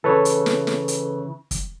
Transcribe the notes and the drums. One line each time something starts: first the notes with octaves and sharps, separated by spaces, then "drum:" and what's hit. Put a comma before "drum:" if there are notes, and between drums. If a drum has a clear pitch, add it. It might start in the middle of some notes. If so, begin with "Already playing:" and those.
C#3 E3 A4 B4 C#5
drum: hi-hat
drum: snare
drum: snare
drum: hi-hat
drum: kick, hi-hat